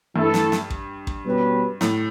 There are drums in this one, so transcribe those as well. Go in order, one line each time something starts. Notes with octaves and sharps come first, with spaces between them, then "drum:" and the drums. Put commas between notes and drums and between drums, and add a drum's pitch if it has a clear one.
G2 E3 A3 E4 A4
drum: snare
drum: snare
drum: kick
drum: kick
B2 G3 C#4 G4 B4
A2, drum: snare